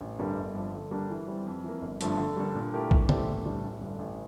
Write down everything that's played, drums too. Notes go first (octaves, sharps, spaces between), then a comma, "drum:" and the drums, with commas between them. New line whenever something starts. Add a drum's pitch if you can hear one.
A1
G2 D3 G3 A#3
G1
G2 F3
D3
G3 A#3 D4
E3
G3 C4
F2
E3 A#3
G1
G2 D3 F3 A3, drum: hi-hat
D3
G3 A#3 D4 A4
A#2
A3 E4 G4 A#4
E3, drum: kick A#1
A3 C4 G4 D5, drum: tom C#3
A2
E3 G3 D4
A1
G2 D3
A1